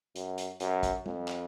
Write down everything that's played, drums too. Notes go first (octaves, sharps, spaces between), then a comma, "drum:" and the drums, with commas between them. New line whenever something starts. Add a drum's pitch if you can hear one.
F#2, drum: hi-hat
drum: hi-hat
F#2, drum: hi-hat
drum: kick, hi-hat
F2, drum: tom G3
drum: clap